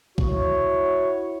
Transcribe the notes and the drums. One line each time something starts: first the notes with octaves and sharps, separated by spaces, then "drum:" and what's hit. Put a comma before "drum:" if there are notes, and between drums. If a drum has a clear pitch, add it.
E4 F#4 C#5, drum: kick B1